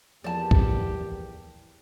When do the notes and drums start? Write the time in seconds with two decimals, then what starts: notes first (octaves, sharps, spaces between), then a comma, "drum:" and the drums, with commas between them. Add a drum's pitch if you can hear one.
0.24 E2 F3 G3 A#3 G4 D5 A5
0.51 drum: kick